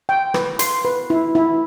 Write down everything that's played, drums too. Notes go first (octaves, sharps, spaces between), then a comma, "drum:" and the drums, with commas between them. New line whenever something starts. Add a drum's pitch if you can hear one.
G5
B4, drum: rim click
C6, drum: hi-hat
B4
E4
E4